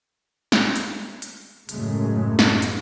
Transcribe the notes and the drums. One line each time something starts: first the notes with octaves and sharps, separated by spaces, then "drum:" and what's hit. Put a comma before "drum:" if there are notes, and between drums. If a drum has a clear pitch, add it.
drum: snare
drum: hi-hat
drum: hi-hat
F#2 A2 C#3 G#3 A3, drum: hi-hat
drum: snare
drum: hi-hat